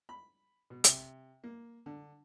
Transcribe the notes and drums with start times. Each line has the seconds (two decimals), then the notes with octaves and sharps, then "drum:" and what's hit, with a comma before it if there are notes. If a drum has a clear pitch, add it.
0.09 B5
0.70 B2
0.84 C3, drum: hi-hat
1.44 A#3
1.86 D3